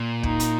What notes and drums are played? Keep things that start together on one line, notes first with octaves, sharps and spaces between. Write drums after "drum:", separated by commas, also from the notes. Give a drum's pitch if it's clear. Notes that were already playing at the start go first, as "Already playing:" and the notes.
Already playing: A#2
D#4, drum: kick
drum: hi-hat